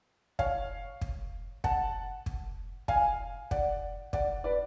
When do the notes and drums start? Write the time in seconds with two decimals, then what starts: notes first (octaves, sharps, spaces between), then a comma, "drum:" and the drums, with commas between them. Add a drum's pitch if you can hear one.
0.39 C#5 F5, drum: kick
1.01 drum: kick
1.64 F#5 A5, drum: kick
2.26 drum: kick
2.88 F5 G#5, drum: kick
3.51 D5 F#5, drum: kick
4.13 D5 F#5, drum: kick
4.44 B4 D5